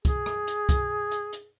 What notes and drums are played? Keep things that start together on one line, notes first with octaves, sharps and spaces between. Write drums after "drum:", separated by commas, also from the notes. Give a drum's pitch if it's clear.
G#4, drum: kick C2, hi-hat
drum: rim click
drum: hi-hat
drum: kick C2, hi-hat
drum: hi-hat
drum: hi-hat